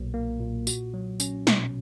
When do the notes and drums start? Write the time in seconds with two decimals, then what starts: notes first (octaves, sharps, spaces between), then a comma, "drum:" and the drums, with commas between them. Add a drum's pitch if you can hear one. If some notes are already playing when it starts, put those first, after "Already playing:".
Already playing: B1 A#2 F#3 A#3
0.14 A#3
0.40 A#2
0.67 F#4, drum: tambourine
0.94 F#3
1.20 C#4, drum: tambourine
1.47 B2, drum: snare